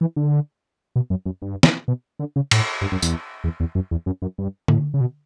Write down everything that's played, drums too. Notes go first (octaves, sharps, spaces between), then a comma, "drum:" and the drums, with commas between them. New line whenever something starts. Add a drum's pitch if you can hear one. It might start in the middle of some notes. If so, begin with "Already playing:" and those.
E3
D3
B2
F#2
F#2
G2
drum: snare
B2
D3
C#3
A2, drum: cymbal
G2
F#2
E2, drum: tambourine
E2
E2
F#2
E2
F#2
F#2
G2
A2, drum: tom D3
C#3
B2